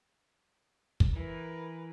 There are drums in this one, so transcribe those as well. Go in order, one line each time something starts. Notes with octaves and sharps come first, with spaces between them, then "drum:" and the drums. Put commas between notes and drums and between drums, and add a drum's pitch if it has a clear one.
drum: kick
E3 A#4 B4